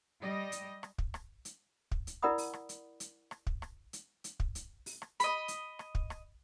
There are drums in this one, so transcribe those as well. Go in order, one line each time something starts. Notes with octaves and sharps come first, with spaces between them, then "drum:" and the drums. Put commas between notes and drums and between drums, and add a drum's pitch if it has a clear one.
G3 D#5
drum: hi-hat
drum: rim click
drum: kick
drum: rim click
drum: hi-hat
drum: kick
drum: hi-hat
E4 A#4 D5 F#5 B5 D#6
drum: open hi-hat
drum: rim click
drum: hi-hat
drum: hi-hat
drum: rim click
drum: kick
drum: rim click
drum: hi-hat
drum: hi-hat
drum: kick
drum: hi-hat
drum: open hi-hat
drum: rim click
D#5 B5, drum: hi-hat
drum: hi-hat
drum: rim click
drum: kick
drum: rim click